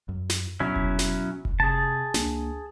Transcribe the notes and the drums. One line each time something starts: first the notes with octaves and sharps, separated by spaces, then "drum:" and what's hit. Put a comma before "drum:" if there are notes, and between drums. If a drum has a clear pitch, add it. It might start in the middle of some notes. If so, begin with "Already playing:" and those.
F#2
drum: snare
B2 F#3 C#4 E4
drum: kick F1
drum: snare
drum: kick F1
C3 G#4 A5
C#2 A#3 D4, drum: snare